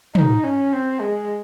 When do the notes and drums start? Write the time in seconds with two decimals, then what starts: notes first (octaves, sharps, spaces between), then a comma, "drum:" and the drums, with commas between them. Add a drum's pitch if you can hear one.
0.15 D#4, drum: tom
0.43 C#4
0.73 C4
1.00 G#3